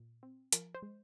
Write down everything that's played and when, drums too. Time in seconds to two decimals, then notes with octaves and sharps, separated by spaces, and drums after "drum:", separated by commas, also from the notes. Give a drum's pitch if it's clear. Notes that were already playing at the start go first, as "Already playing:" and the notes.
Already playing: A#2
0.23 C4
0.52 F3 A#4, drum: hi-hat
0.75 C5
0.82 G#3